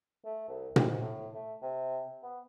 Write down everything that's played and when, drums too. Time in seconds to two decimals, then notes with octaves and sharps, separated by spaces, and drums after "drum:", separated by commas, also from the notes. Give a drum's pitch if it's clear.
0.25 A3
0.48 C2
0.76 G#2, drum: tom A#2
1.01 A2
1.34 A3
1.62 C3
2.23 B3